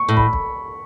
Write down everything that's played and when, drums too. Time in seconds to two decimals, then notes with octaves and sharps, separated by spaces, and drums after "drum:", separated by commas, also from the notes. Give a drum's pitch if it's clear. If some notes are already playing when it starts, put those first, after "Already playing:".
Already playing: C#6
0.09 A2
0.17 B5, drum: kick
0.33 drum: kick